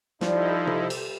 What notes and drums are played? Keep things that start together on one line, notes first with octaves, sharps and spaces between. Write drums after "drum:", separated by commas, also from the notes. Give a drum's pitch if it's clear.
F3 G3 D#4 E4 G4 A4 C5, drum: snare
drum: tom C3
drum: cymbal